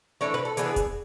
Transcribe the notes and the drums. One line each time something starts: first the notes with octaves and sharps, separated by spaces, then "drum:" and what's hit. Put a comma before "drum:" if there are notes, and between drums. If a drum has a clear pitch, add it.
E3 A3 D4 C#5
B4
A4
E3 B3 D4 G#4, drum: hi-hat
drum: kick E1, hi-hat